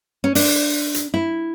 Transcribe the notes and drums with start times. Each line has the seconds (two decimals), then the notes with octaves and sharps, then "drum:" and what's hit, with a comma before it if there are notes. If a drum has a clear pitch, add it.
0.24 C#4
0.35 D4, drum: open hi-hat
0.94 drum: hi-hat
1.14 E4